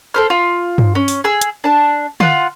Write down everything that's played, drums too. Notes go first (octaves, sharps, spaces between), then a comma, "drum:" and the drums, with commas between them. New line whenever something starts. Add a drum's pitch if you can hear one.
A4 C5 F6
F4
drum: tom G2
C#4
drum: open hi-hat
G#4 E6
drum: hi-hat
D4 A5
F4 F#5, drum: tom D3